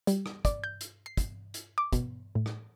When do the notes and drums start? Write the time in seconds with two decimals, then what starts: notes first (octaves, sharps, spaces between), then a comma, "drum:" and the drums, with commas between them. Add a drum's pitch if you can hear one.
0.07 G3, drum: hi-hat
0.26 drum: rim click
0.45 D5, drum: kick, hi-hat
0.64 G6
0.81 drum: hi-hat
1.06 C7
1.17 drum: kick, hi-hat
1.54 drum: hi-hat
1.78 D6
1.93 B2, drum: kick, hi-hat
2.35 A2
2.46 drum: rim click